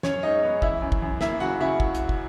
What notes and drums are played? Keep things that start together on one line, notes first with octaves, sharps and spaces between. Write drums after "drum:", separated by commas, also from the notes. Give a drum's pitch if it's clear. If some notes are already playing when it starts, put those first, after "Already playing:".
F#2 C#4 C#5, drum: snare
G#3 D#4 D#5
B3
E3 E4 E5, drum: kick
F#2
drum: kick
F#2
A#3 E4 E5, drum: snare
C#3 F#4 F#5
C#3 E4 E5
drum: kick
drum: hi-hat
drum: kick